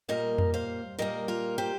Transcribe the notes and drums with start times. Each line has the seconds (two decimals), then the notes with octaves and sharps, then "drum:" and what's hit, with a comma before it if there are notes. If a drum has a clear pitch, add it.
0.08 A#2 G3 A#3 A#4 D#5
0.38 drum: tom F2
0.54 C5 F5
0.99 A#2 G3 A#3 A#4 D#5
1.28 F4 A#4
1.58 G4 C5